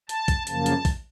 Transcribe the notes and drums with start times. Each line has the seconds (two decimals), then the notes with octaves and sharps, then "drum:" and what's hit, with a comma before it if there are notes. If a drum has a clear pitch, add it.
0.09 A5, drum: hi-hat
0.28 drum: kick, hi-hat
0.47 F#2 C#3 F3 A#3 A5, drum: hi-hat
0.66 drum: hi-hat
0.85 drum: kick, open hi-hat